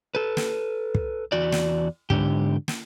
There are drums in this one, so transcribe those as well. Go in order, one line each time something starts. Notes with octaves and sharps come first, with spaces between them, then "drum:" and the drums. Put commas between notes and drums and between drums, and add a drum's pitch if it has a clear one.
A4 B4
drum: snare
drum: kick
E2 F#4 D5
drum: snare
G#2 D3 G4, drum: kick
drum: snare